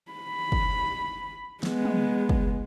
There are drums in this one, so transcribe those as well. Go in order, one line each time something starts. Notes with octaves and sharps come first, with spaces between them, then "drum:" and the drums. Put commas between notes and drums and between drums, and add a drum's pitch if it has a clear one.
B5
drum: kick
G#3 B3, drum: snare
drum: tom
drum: kick